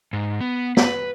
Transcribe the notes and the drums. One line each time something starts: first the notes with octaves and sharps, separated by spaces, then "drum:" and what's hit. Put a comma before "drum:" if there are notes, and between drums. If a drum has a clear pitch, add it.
G#2
B3
B4, drum: snare